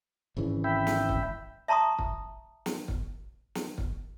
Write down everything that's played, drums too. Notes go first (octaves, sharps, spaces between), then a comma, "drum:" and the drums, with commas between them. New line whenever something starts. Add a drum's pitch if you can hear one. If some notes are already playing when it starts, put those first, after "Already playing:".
G#1 C#3 E3
E5 G5 B5
drum: snare
drum: kick
E5 A5 A#5 C6 C#6 D#6
drum: kick
drum: snare
drum: kick
drum: snare
drum: kick